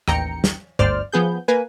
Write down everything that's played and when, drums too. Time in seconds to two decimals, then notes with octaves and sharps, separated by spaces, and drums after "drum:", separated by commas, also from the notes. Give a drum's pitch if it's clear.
0.08 A1 D#2 G5 A#5 C#7, drum: rim click
0.44 drum: snare
0.79 G1 D2 C5 D5 F6, drum: tom G2
1.12 F3 B3 G#4 G6
1.48 A#3 B4 G#5